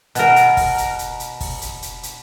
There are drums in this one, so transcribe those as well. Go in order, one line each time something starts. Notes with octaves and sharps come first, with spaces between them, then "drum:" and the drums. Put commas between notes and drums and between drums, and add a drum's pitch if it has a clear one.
B2 A#4, drum: hi-hat
drum: hi-hat
drum: kick, open hi-hat
drum: hi-hat
drum: hi-hat
drum: hi-hat
drum: kick, open hi-hat
drum: hi-hat
drum: hi-hat
drum: hi-hat